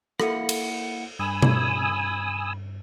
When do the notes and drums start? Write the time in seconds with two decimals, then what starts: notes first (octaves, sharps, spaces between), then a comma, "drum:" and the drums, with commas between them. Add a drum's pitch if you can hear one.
0.20 A#3 E4 A4 F5 F#5, drum: rim click
0.49 drum: cymbal
1.19 G2 G#5 B5 D#6 E6
1.42 drum: tom B2